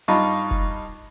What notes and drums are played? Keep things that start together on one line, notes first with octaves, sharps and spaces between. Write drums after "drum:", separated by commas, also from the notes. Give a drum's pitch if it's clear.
G2 D#4 F4 B5 C#6
drum: kick